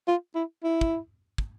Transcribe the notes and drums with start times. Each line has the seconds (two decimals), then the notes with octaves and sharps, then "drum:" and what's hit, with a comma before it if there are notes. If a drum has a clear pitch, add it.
0.07 F4
0.35 E4
0.63 E4
0.81 drum: kick
1.38 drum: kick